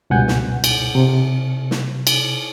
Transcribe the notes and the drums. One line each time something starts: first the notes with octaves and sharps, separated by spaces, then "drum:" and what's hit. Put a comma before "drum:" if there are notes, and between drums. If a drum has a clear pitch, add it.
C#2 G2 B2 F#5 G#5 G6
drum: snare
drum: cymbal
C3
drum: snare
drum: cymbal